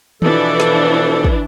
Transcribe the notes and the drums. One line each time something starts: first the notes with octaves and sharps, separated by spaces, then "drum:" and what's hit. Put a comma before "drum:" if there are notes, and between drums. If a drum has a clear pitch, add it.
B2 E3 F3 D4 A4, drum: tom D#3
drum: snare
drum: kick